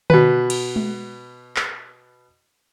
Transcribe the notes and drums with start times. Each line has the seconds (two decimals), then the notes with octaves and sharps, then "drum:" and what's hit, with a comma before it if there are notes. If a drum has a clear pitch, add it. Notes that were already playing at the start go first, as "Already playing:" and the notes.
0.10 B2 B4, drum: tom D3
0.50 drum: cymbal
0.76 drum: tom G#3
1.56 drum: clap